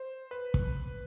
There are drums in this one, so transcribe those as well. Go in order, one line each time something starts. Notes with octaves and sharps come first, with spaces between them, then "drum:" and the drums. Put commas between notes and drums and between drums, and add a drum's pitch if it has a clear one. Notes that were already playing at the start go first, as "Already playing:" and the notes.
Already playing: C5
B4
drum: kick